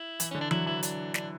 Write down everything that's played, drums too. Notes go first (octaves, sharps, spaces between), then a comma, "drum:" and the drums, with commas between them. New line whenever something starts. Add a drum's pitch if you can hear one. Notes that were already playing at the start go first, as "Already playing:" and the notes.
Already playing: E4
E3, drum: hi-hat
D3 C#4
D4
F#3 E4, drum: tom E3
E3 E4
D4, drum: hi-hat
D4, drum: snare